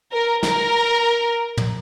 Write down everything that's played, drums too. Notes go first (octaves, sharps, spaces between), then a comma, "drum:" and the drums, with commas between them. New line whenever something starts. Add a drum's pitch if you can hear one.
A#4
A#4, drum: snare
drum: tom